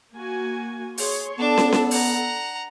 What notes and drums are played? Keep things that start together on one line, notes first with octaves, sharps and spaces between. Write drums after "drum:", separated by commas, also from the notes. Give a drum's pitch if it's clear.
A#3 F#4 G#5
G#4 C#5 C6, drum: open hi-hat
B3 D4 A4 A5
drum: snare
drum: snare
F#5 A#5, drum: open hi-hat